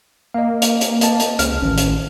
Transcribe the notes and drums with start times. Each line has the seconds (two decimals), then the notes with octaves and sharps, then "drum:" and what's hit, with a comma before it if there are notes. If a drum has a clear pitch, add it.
0.34 A#3 D#5 F5
0.62 drum: hi-hat
0.81 drum: hi-hat
1.01 D#5 A5, drum: hi-hat
1.20 drum: hi-hat
1.39 C#2 F6, drum: hi-hat
1.62 A1 D#3 C#4
1.78 drum: hi-hat